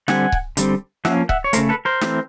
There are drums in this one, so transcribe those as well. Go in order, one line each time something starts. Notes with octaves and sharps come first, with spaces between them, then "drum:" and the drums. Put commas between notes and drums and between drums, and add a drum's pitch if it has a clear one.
D3 G3 C4 F#5 G#5, drum: snare
drum: kick C#1
D3 G3 C4, drum: hi-hat
F3 A#3 C#4 E5 F#5, drum: snare
E5 F#5, drum: kick C#1
C#5
C#3 F3 A3 A#4 C5, drum: hi-hat
A4 B4
A#4 C5
E3 A3 C4, drum: snare